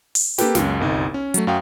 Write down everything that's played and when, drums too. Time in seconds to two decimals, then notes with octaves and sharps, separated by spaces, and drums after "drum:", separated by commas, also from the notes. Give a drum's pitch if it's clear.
0.15 drum: open hi-hat
0.38 A#3 G4 A4 B4 G5, drum: snare
0.55 C#2 F#2, drum: snare
0.80 G1 C2 D#4
1.14 C#4
1.34 F#3 A3, drum: hi-hat
1.47 F#2 F#4 F5 G5 D#6